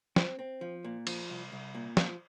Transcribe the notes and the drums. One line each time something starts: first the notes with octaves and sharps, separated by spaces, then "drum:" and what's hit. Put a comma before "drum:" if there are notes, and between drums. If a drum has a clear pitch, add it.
C4, drum: snare
C4
F3
A#2
F3, drum: cymbal
C2
C2
A#2
F3, drum: snare